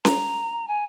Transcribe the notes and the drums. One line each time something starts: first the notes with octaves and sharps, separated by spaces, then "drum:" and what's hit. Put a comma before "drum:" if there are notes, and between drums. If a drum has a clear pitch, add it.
A#5, drum: snare C#4
G#5